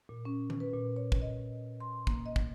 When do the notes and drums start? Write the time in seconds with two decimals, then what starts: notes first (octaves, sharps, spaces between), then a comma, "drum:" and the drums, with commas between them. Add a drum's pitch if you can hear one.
0.09 A#2
0.25 C#4
0.50 drum: tom D#3
0.60 B4
0.74 A#2
0.96 C#5
1.12 drum: kick
1.22 D#5
1.80 C6
2.07 A#3, drum: kick
2.26 D#5
2.36 drum: kick